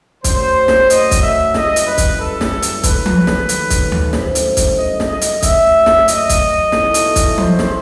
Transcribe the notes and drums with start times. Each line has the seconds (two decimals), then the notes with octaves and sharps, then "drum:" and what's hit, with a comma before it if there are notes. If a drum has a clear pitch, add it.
0.24 F#2 F#3 A3 C5, drum: kick, hi-hat
0.68 drum: snare
0.90 D#5, drum: hi-hat
1.11 drum: kick, hi-hat
1.22 E5
1.54 F#2 E3 G3 D#5, drum: snare
1.76 drum: hi-hat
1.87 B4
1.98 drum: kick, hi-hat
2.19 A4
2.41 drum: snare
2.62 drum: hi-hat
2.83 D#2 D#3 F#3 A3 B4, drum: kick, hi-hat
3.06 drum: tom F3
3.27 drum: snare
3.49 drum: hi-hat
3.70 drum: kick, hi-hat
3.92 drum: tom D2
4.13 A1 G2 D#3 F#3 A3 C5, drum: snare
4.35 drum: hi-hat
4.57 drum: kick, hi-hat
4.78 D#5
5.00 drum: snare
5.11 D#5
5.21 drum: hi-hat
5.42 F#2 F#3 A3 E5, drum: kick, hi-hat
5.86 drum: snare
6.08 D#5, drum: hi-hat
6.29 drum: kick, hi-hat
6.72 B1 A2 E3 A3, drum: snare
6.94 drum: hi-hat
7.16 drum: kick, hi-hat
7.38 C5, drum: tom F3
7.59 drum: snare